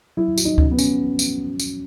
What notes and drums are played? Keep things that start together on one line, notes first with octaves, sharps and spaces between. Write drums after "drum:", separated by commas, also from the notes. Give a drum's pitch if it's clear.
F#3 E4
F#4, drum: tambourine
D#4
C#4, drum: kick D2
B3
C#4, drum: tambourine
drum: tambourine
drum: tambourine